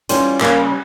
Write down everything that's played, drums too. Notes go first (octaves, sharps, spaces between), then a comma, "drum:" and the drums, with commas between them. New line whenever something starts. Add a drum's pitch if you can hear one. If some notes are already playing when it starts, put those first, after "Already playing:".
E3 G3 C#4 F4 C5, drum: hi-hat
C#3 G3 A#3 C#4, drum: clap